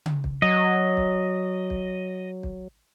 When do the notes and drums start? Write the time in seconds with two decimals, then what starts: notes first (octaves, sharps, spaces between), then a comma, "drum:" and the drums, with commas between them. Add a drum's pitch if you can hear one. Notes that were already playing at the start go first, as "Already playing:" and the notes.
0.06 drum: tom C#3
0.24 drum: kick
0.42 F#3 D#5
0.97 drum: kick
1.70 drum: kick
2.43 drum: kick